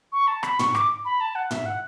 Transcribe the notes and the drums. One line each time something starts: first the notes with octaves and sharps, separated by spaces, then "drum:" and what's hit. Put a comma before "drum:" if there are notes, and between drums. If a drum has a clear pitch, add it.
C#6
A5
B5, drum: rim click
C#6, drum: tom
D6, drum: rim click
B5
A5
F#5
E5, drum: tom
F#5